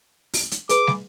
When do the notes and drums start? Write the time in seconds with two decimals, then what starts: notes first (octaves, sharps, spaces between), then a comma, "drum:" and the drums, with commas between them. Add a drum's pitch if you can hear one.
0.34 drum: open hi-hat
0.51 drum: hi-hat
0.69 G#4 B4 D6, drum: hi-hat
0.87 drum: snare